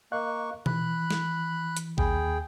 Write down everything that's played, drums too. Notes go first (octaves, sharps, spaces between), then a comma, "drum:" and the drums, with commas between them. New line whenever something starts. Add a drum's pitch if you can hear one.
A#3 D#5 F5 C#6 F#6
E3 B5 F#6, drum: tom B2
drum: snare
drum: hi-hat
D#2 G#4 G5 B5, drum: kick